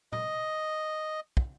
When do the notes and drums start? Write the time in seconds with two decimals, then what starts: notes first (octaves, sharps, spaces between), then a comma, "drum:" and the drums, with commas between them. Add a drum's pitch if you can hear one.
0.12 D#5, drum: tom A#2
1.37 drum: kick